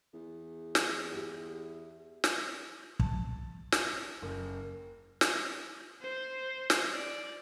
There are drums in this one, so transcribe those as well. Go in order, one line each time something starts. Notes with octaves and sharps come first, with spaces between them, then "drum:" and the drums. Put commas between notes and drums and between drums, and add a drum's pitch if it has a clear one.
E2
drum: snare
F#4 G4 E5
drum: snare
A5, drum: kick
drum: snare
F#1
drum: snare
C5
drum: snare
D5